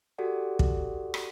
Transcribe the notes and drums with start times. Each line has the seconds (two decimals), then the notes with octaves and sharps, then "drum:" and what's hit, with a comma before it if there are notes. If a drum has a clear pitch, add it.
0.18 F#4 G4 A4 D5 F#5
0.59 drum: kick
1.14 drum: rim click